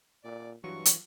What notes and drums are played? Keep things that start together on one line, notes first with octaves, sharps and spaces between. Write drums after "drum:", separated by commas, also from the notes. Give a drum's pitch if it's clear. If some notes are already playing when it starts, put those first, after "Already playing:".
A#2 D5
G2 E3 F#3 F4 F#4 C#6
drum: hi-hat